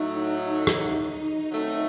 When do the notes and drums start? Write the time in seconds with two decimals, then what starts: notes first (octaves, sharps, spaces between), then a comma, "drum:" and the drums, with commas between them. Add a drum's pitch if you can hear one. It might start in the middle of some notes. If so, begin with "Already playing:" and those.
Already playing: A2 F#3 A3 D#4
0.26 D#4
0.67 D#4, drum: rim click
1.51 F#2 D#3 F#3 A3 C4